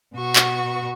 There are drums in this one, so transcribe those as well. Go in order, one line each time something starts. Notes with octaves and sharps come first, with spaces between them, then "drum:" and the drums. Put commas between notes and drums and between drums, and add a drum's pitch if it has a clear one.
B2 F#4 C#6
drum: clap